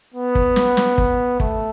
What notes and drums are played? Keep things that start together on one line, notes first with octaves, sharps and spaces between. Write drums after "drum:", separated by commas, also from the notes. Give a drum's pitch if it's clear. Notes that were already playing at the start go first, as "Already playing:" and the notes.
B3
drum: kick
drum: snare
drum: snare
drum: kick
A3, drum: kick